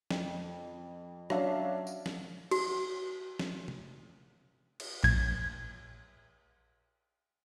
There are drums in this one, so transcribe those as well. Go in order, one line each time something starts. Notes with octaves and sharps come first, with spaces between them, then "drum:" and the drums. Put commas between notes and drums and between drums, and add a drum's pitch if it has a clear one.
F2, drum: snare
F#3 C#4 D4 E5 F5, drum: rim click
drum: tambourine
drum: snare
F#4, drum: cymbal
drum: snare
drum: tom
drum: cymbal
A#1 G#6, drum: clap